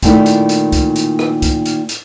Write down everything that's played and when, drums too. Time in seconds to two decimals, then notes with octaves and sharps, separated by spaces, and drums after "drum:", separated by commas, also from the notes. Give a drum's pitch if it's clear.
0.03 A#2 D#3 A3 D#4 E4, drum: kick, hi-hat
0.26 drum: hi-hat
0.49 drum: hi-hat
0.72 drum: kick, hi-hat
0.96 drum: hi-hat
1.19 drum: rim click
1.42 drum: kick, hi-hat
1.66 drum: hi-hat
1.89 drum: hi-hat